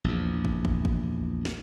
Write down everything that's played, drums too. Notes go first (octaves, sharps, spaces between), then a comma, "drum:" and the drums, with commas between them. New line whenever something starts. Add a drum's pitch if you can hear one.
A#1 E2
drum: kick
drum: kick
drum: kick
drum: snare